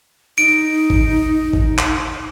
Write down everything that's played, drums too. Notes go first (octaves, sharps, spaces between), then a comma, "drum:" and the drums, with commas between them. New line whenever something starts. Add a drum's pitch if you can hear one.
D#4 D7
drum: kick
drum: kick
drum: clap